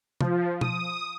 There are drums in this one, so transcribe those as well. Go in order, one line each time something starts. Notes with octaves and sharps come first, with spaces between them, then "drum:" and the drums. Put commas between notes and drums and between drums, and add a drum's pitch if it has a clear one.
F3, drum: tom
D#6, drum: tom